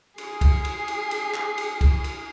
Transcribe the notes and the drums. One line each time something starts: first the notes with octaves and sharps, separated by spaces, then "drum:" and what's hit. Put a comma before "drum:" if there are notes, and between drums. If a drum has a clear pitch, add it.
G#4 C7, drum: cymbal
drum: kick, cymbal
drum: cymbal
drum: cymbal
drum: cymbal
drum: clap
drum: cymbal
drum: kick, cymbal
drum: cymbal